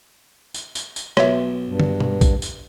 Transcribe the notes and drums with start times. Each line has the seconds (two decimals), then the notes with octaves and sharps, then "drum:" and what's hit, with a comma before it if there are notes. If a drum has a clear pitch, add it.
0.54 drum: tambourine
0.75 drum: tambourine
0.96 drum: tambourine
1.17 B1 C#5 E5, drum: rim click
1.66 G2
1.80 drum: tom
2.00 drum: tom B2
2.21 drum: kick A#1, tambourine
2.42 drum: tambourine